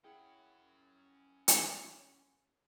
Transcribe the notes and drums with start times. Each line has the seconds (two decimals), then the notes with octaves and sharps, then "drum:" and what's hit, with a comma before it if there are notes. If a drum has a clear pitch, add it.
0.04 C#4 E4 G#4 F#5 G5
1.48 drum: hi-hat